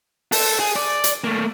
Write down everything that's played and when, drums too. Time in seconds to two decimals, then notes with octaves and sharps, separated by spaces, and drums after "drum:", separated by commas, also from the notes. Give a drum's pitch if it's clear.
0.32 A4, drum: open hi-hat
0.59 G#4
0.76 D5
1.04 drum: hi-hat
1.24 A3 A#3